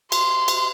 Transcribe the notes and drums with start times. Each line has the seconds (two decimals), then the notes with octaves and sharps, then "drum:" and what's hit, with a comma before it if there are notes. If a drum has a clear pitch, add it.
0.12 C6, drum: cymbal
0.48 drum: cymbal